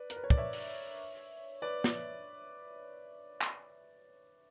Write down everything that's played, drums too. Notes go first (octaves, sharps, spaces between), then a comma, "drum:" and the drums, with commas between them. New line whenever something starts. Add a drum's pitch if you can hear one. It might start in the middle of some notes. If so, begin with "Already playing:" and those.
Already playing: B4 D5
A#4, drum: hi-hat
B4
C#5
D5, drum: kick
C#5 E5
drum: open hi-hat
B4 D5
drum: snare
drum: clap